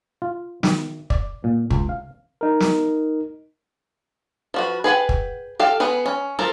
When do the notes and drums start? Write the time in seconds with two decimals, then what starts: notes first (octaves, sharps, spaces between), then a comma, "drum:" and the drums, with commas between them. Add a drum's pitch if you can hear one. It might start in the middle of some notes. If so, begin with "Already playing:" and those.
0.22 F4
0.63 D#3, drum: snare
1.10 D5, drum: kick
1.44 A#2
1.70 C#2, drum: kick
1.89 F5
2.41 D#4 A#4
2.60 drum: snare
4.54 F3 F#4 B4
4.84 G#4 B4 F#5 G5
5.09 drum: kick
5.60 G4 A4 F5
5.80 B3 G#4 B4
6.06 C#4
6.39 F3 F4 A4 A#4